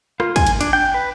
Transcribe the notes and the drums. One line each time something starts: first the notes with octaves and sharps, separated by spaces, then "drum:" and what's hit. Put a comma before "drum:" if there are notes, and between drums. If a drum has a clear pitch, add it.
F4, drum: rim click
G#5, drum: kick, cymbal
drum: cymbal
D4, drum: cymbal
G5
B4